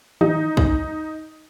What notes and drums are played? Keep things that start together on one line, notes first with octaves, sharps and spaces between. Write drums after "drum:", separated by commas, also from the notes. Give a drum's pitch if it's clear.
D#4, drum: tom D#3
drum: kick